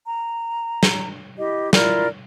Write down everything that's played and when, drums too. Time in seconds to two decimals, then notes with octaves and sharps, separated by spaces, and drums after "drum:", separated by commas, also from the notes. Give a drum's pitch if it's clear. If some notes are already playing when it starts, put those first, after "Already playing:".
0.07 A#5
0.83 drum: snare
1.37 E4 G4 D#5
1.73 E4 F4 A#4 D5, drum: snare